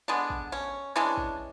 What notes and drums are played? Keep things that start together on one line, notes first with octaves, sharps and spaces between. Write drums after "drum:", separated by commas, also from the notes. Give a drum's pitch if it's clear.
D3 G#3 B3 D4
drum: kick
C#4
E3 G#3 C#4 D4
drum: kick